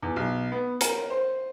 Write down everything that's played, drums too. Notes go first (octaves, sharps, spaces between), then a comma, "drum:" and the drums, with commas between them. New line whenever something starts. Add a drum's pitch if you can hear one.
E2
B1
B3
A#4, drum: hi-hat
C5